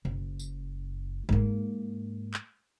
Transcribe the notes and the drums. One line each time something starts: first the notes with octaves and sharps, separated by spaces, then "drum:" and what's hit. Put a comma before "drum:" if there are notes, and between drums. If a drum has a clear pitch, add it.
F#1, drum: tom B2
drum: tambourine
G#2 A#3, drum: kick
drum: clap